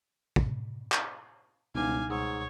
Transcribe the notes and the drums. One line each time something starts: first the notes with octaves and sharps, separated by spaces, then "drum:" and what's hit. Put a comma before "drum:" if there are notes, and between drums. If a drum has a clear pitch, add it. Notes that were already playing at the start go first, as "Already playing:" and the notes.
drum: kick
drum: clap
E1 C#2 B2 G3 D#4 F5 G#5 D6
G#2 C#5 F#5 D#6 E6